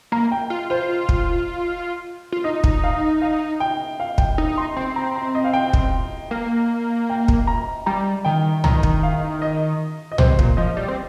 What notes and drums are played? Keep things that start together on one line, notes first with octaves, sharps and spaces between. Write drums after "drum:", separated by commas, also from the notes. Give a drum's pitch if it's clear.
A#3 A#5
G5
F4
F4 C5
drum: kick
F4
D#4 D#5
drum: kick
F5
F5
G5
F5
G5, drum: kick
D#4
C6
C4 C6
A#5
A#5
D#5
F5
G5
drum: kick
A#3
G5
drum: kick
A#5
G3 A#5
D#3 G5
D#3 A#5, drum: tom
drum: kick
F5
D#5
D#5
C3 C5, drum: tom
A#2, drum: kick
F3 D#5
G3
C4